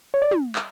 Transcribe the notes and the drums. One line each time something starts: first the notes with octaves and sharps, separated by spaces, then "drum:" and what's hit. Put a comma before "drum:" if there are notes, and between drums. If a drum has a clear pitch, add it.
C#5
D5
drum: tom
drum: clap